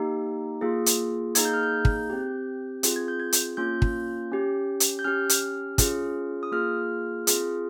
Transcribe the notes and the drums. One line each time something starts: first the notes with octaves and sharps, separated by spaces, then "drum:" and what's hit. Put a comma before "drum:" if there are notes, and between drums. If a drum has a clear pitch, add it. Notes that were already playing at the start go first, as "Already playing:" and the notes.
Already playing: A#3 D#4 G4
A#3 F4 G#4
drum: hi-hat
A#3 D#4 G#4 G#6, drum: hi-hat
G6
F6
G6
drum: kick
C4 G4
C4 F4 G#4, drum: hi-hat
G#6
G6
G#6
drum: hi-hat
A#3 C#4 F4 G6
drum: kick
C#4 G4
drum: hi-hat
G6
C#4 G4 F6
drum: hi-hat
C#4 F4 G#4, drum: kick, hi-hat
D#6
A#3 F4 G#4 F6
C4 F4 G#4, drum: hi-hat